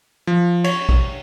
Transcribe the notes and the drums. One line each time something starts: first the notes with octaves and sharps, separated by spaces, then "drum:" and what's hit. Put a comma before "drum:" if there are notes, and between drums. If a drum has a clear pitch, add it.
F3
C#5, drum: cymbal
drum: kick A#1